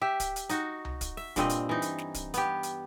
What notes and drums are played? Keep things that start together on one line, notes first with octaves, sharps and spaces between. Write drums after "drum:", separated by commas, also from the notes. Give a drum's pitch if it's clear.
G4 E5
drum: kick, hi-hat
drum: hi-hat
D#4 F#4, drum: hi-hat
drum: tom C2
drum: kick, hi-hat
E5, drum: open hi-hat
G2 A#2 C4 D#5, drum: kick, hi-hat
drum: hi-hat
E3 D#4
drum: hi-hat
drum: snare
drum: kick, hi-hat
B3 G4, drum: hi-hat
drum: hi-hat